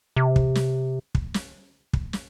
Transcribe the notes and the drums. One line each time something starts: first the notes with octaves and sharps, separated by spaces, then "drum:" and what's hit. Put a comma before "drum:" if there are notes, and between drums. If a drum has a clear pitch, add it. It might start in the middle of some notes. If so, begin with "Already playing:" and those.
C3
drum: kick
drum: snare
drum: kick
drum: snare
drum: kick
drum: snare